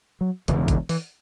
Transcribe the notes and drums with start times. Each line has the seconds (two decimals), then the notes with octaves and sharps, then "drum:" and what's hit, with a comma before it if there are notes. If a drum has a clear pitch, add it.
0.21 F#3
0.48 E1 E2 C#3 E3, drum: hi-hat
0.68 D3, drum: kick A1, hi-hat
0.89 E3, drum: open hi-hat